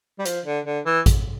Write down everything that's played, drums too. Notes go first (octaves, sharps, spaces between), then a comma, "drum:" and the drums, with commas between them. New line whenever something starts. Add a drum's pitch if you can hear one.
G3
F3, drum: hi-hat
D3
D3
E3
drum: kick A1, hi-hat